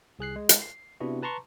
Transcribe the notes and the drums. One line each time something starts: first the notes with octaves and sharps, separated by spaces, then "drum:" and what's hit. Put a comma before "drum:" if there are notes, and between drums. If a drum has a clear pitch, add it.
C2 G#4 F#6 C7
G#3
drum: hi-hat
C7
C3 B3 D4 E4 F#4
B4 A5 A#5 C6 C#6